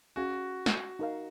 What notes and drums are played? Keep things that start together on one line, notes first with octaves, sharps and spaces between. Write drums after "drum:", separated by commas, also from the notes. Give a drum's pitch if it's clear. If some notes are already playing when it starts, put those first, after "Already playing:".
C#4 F#4 G#4 C#5 F5 G#5
drum: snare
D#4 A#4 F5